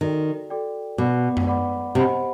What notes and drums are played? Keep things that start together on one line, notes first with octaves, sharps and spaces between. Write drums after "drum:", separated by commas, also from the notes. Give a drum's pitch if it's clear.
D#3 F#4 A4 D5 G5
F#4 A4 D5 G5
B2 B4 D5 F#5 B5 D6
drum: tom F#2
B4 D5 F#5 B5 D6
C3 G4 C5 D#5 F#5 B5